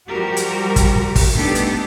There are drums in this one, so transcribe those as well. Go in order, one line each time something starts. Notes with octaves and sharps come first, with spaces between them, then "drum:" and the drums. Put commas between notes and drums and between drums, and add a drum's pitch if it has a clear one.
F3 G3 F#4 G4 A#4
drum: hi-hat
drum: kick, hi-hat
drum: kick, open hi-hat
A3 B3 D4 D#4 G4 A4
drum: hi-hat